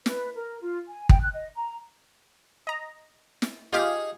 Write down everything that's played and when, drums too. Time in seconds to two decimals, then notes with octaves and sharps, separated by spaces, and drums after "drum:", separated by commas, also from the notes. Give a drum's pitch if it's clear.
0.06 B4, drum: snare
0.35 A#4
0.62 F4
0.88 G#5
1.09 G5, drum: kick
1.21 F#6
1.33 D#5
1.55 A#5
2.67 D#5 A#5
3.42 drum: snare
3.73 D#4 F4 G4 G#4 F5